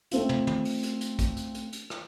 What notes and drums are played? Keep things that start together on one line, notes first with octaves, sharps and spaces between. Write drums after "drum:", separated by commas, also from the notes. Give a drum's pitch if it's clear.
A3 C4 F4, drum: hi-hat
drum: tom
drum: tom
drum: open hi-hat
drum: hi-hat
drum: hi-hat
drum: kick B1, hi-hat
drum: hi-hat
drum: hi-hat
drum: hi-hat
drum: rim click